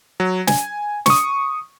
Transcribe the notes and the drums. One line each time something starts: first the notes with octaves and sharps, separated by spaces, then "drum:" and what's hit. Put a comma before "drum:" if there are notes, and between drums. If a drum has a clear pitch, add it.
F#3
G#5, drum: snare
C#6 D#6, drum: snare